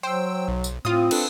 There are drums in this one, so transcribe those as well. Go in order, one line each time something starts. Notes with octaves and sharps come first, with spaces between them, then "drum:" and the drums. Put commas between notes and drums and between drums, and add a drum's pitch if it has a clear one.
F#3 C5 G5 E6
B1
drum: tambourine
A2 C4 F4 D#6
D4 A4 B4, drum: cymbal